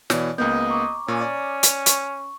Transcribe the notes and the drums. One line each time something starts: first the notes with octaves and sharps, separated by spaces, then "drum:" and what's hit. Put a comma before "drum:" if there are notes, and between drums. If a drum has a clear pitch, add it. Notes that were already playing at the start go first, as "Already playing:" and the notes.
B2 E3 C#5 D5, drum: snare
C#2 A#3 B3 D#5 G6
A#5 C#6 D6
A#2 C#4
D5
drum: hi-hat
C#6, drum: hi-hat